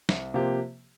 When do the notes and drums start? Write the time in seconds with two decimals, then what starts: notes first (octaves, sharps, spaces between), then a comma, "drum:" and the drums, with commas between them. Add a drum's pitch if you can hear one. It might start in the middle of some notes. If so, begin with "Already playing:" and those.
0.09 C2, drum: snare
0.34 C3 F3 A#3 G4